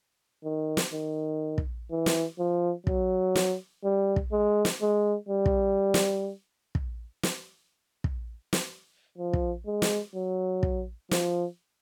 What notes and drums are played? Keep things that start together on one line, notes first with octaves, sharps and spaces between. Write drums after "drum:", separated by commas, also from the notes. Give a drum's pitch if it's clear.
D#3
drum: snare
D#3
drum: kick
E3
drum: snare
F3
F#3, drum: kick
drum: snare
G3
drum: kick
G#3
drum: snare
G#3
G3
drum: kick
drum: snare
drum: kick
drum: snare
drum: kick
drum: snare
F3
drum: kick
G#3
drum: snare
F#3
drum: kick
F3, drum: snare